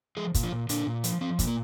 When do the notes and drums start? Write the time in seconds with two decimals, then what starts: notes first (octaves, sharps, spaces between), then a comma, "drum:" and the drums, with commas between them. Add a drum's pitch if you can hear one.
0.17 F3 G#3 G#4
0.34 A#2, drum: kick, hi-hat
0.43 F3 F4
0.52 A#2
0.69 A#2 D3 D4, drum: hi-hat
0.87 A#2
1.04 F3, drum: hi-hat
1.21 F3 C4
1.39 A#2, drum: kick, hi-hat
1.47 A#3